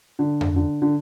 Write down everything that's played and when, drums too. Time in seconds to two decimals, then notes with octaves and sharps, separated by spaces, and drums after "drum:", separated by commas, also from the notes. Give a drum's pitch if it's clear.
0.19 D3
0.41 drum: tom F2
0.56 D3
0.82 D3